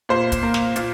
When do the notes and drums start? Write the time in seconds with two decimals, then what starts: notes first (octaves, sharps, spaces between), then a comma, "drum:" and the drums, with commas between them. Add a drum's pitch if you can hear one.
0.09 A#2 C5
0.32 drum: kick, hi-hat
0.43 A#3
0.54 drum: snare
0.76 A#2, drum: hi-hat